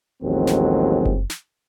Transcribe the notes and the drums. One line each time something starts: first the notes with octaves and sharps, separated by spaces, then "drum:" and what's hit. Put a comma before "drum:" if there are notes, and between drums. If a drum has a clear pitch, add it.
A1 D#2 F3 F#3 G#3 C4
drum: snare
drum: kick F#1
drum: snare